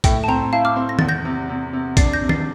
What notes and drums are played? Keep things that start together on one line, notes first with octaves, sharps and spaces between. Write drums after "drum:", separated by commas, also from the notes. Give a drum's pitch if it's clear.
A2 E5 G5, drum: kick B1, hi-hat
A5
C4 G5 A#5
E4 F5 A5
D6 F6
C4
A#6
E2 A6, drum: tom D#3
G6 A#6
C3
C3
C3
D4 A6 C7, drum: kick B1, hi-hat
G6 A#6
C3
A6 C7, drum: tom D#3